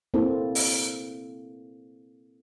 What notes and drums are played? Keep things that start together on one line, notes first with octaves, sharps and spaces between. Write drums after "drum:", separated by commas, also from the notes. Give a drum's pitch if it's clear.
A#3 C4 E4 A4
drum: open hi-hat